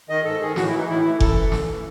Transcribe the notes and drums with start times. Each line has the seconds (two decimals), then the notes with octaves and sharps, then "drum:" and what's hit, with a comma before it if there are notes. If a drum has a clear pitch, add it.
0.09 D#3 D#5
0.25 G#2 A4
0.41 D#3 G#4
0.56 A2 F#4, drum: snare
0.68 E4
0.73 E3 D#4
0.88 A2 E4
1.04 E3
1.20 F#2 A4, drum: kick F1
1.36 E3
1.52 F#2, drum: snare
1.68 E3